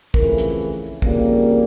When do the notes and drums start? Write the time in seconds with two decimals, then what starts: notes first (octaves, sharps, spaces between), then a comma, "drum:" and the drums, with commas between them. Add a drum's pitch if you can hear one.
0.14 F2 C#3 E3 A3 A#4, drum: kick
0.38 drum: hi-hat
1.02 F2 C#3 G3 A#3, drum: kick